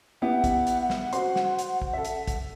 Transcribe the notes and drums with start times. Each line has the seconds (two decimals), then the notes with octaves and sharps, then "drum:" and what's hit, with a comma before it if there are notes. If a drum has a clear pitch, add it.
0.22 B3 E4 G4 F#5
0.44 drum: kick, hi-hat
0.67 drum: hi-hat
0.90 drum: snare
1.13 F#4 C5 C6, drum: hi-hat
1.36 drum: snare
1.59 drum: hi-hat
1.82 drum: kick
1.93 A4 E5
2.05 drum: hi-hat
2.28 drum: kick, hi-hat